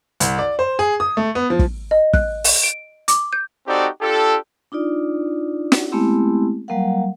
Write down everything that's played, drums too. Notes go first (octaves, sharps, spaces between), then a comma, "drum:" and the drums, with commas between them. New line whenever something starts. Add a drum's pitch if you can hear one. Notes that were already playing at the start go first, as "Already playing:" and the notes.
C2, drum: hi-hat
D5
C5
G#4
D#6
A3
B3
F3
drum: kick
D#5
F#6, drum: kick
drum: open hi-hat
D7
D6, drum: hi-hat
G6
C4 D#4 F#4 G4 A4 D5
D4 F4 G4 A4
D4 D#4 F4 D5
drum: snare
G#3 A3 B3 C4 E4 G4
F#3 G3 A#3 A#4 F5 F#5